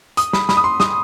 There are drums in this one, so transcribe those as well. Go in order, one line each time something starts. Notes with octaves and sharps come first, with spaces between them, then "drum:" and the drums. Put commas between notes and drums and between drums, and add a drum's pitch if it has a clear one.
D#6, drum: hi-hat
B5, drum: snare
B5, drum: snare
D#6
C6
D#6, drum: snare